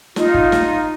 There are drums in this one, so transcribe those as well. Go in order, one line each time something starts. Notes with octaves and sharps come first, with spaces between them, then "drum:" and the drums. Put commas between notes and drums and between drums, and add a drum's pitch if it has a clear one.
D#4 F4, drum: snare
drum: kick G1
drum: snare